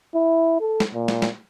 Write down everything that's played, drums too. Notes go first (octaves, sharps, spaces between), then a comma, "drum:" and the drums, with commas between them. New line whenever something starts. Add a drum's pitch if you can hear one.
E4
A4
drum: snare
A#2
drum: snare
drum: snare